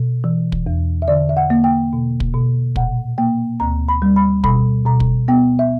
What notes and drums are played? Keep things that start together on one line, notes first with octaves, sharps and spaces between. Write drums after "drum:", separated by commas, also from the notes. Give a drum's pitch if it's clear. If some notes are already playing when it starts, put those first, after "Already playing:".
Already playing: B2
E3
drum: kick
E2
E5
D3 D5
E5
F#5
A#3
G5
B2
drum: kick
B2
A#2 F#5, drum: kick
A#3 G5
D2 A#5
B5
G3
B5
B2 B5, drum: kick
B2 A#5
drum: kick
B3 G5
E5